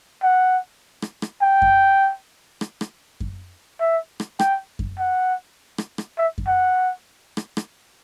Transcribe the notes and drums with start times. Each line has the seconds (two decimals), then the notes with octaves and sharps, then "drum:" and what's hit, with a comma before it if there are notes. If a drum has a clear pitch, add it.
0.23 F#5
1.02 drum: rim click
1.22 drum: rim click
1.42 G5
1.62 drum: kick F#2
2.61 drum: rim click
2.81 drum: rim click
3.20 drum: kick F#2
3.80 E5
4.20 drum: rim click
4.39 G5, drum: rim click
4.79 drum: kick F#2
4.99 F#5
5.78 drum: rim click
5.98 drum: rim click
6.18 E5
6.38 drum: kick F#2
6.47 F#5
7.37 drum: rim click
7.57 drum: rim click